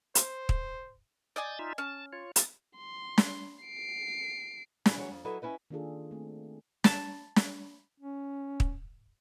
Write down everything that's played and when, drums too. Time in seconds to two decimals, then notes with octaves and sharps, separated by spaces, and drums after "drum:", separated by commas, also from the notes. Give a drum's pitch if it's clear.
0.15 C5, drum: hi-hat
0.49 drum: kick
1.36 D5 D#5 G#5 D#6 G6 A6
1.59 D#4 F4 E5
1.78 C#4 A5
2.13 F4 C#5
2.36 D#6 A6, drum: hi-hat
2.77 C6
3.18 drum: snare
3.64 C7 D7
4.86 G#2 E3 G3 D#4 E4 G#4, drum: snare
4.97 E3 F#3 G#4 C#5
5.11 F2
5.25 F#3 E4 A4 B4 D#5
5.42 C#4 E4 B4 D#5
5.70 D#3 A#3 D4 F4 G#4 A4
6.11 A3 C4
6.84 A5, drum: snare
7.36 drum: snare
8.00 C#4
8.60 drum: kick